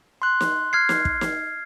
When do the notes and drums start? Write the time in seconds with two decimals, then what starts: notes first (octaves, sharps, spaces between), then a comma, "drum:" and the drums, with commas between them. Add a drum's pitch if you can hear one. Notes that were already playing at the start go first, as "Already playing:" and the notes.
0.22 C6 F#6
0.41 drum: snare
0.73 F6 G#6 C7
0.89 drum: snare
1.05 drum: kick
1.21 drum: snare